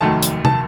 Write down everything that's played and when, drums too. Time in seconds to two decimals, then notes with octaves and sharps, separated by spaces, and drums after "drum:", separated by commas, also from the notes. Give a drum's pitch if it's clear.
0.01 F1 D#2 D#3 F#3 A3 A5
0.23 drum: hi-hat
0.45 A5, drum: tom